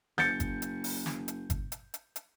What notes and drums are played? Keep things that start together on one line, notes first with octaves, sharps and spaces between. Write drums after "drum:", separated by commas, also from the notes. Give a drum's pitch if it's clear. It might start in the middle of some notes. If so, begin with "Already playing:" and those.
F#1 G6 A6 C#7, drum: snare
drum: kick G1, hi-hat
drum: hi-hat
drum: open hi-hat
drum: snare
drum: hi-hat
drum: kick G1, hi-hat
drum: hi-hat
drum: hi-hat
drum: hi-hat